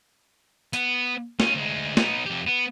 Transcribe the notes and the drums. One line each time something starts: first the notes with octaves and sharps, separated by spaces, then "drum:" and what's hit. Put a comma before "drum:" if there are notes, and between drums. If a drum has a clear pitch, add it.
B3, drum: hi-hat
C#4 F4, drum: snare
D2 G#3
B3 D#4, drum: snare
F2 G4
B3